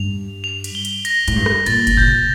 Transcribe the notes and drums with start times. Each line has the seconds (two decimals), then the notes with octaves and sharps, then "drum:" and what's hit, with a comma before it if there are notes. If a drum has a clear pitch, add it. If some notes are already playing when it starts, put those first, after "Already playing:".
Already playing: G2 F7
0.44 F7
0.64 drum: cymbal
0.75 G7
0.85 drum: cymbal
1.05 A#6, drum: cymbal
1.28 A2, drum: cymbal
1.36 G2
1.46 drum: rim click
1.66 A#2 A6, drum: cymbal
1.87 drum: kick F#1, cymbal
1.97 A#2 G6
2.07 drum: tom B2